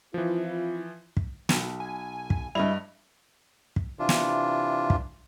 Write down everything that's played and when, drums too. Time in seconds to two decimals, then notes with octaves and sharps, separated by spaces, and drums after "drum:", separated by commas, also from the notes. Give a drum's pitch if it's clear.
0.14 E3 F3 C4 E4 F4
1.17 drum: kick
1.49 B1, drum: snare
1.80 G#5
2.30 drum: kick
2.55 G2 G3 E4 D#5 F7
3.76 drum: kick
3.99 C3 E3 D4 F4
4.09 drum: snare
4.90 drum: kick